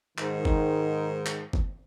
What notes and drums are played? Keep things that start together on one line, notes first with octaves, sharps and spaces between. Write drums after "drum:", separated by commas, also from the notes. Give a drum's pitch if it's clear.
G#2 D#3, drum: clap
drum: kick
drum: clap
drum: kick